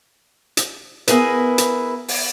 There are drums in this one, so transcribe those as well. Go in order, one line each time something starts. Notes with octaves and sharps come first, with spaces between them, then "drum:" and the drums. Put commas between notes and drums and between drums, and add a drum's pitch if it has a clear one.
drum: hi-hat
B3 E4 G#4 A#4 B4, drum: hi-hat
drum: hi-hat
drum: open hi-hat